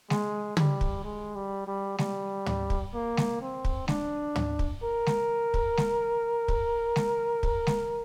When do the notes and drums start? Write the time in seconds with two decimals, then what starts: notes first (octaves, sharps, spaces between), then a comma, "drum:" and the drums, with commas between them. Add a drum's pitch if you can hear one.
0.10 G#3, drum: snare G#3
0.57 G3, drum: tom
0.81 drum: kick
1.04 G#3
1.36 G3
1.67 G3
1.98 G3, drum: snare G#3
2.46 drum: tom
2.70 drum: kick
2.94 A#3
3.17 drum: snare G#3
3.42 C4
3.65 drum: kick
3.88 D4, drum: snare G#3
4.36 drum: tom
4.59 drum: kick
4.83 A#4
5.06 drum: snare G#3
5.54 drum: kick
5.77 drum: snare G#3
6.48 drum: kick
6.96 drum: snare G#3
7.43 drum: kick
7.67 drum: snare G#3